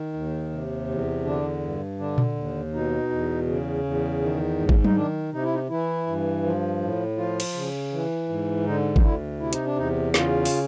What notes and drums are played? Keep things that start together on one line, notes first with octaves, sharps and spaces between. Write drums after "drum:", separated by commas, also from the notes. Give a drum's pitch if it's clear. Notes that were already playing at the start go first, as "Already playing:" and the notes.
Already playing: D#3
D#2
C3
E2
D3 D4
G2
D3 D4
drum: tom A#2
D#2
B2 D#4
E2
C#3
E2
D#3
G#2
drum: kick G#1
D#4, drum: tom F#3
D#3 D4
C3 D#4
E4
D#4
E3 E4
G2
F3
A2
F3 F4
drum: cymbal
C#3
E3
G#2
D3 D#4
D#4, drum: kick G#1
D2 E4
C3 E4
D#4, drum: hi-hat
D4
E2 D#4
C#3 F4, drum: snare
drum: open hi-hat